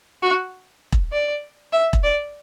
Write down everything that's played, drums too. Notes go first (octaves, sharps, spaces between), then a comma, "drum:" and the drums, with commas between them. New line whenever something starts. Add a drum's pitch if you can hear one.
F#4
drum: kick E1
D5
E5
drum: kick E1
D5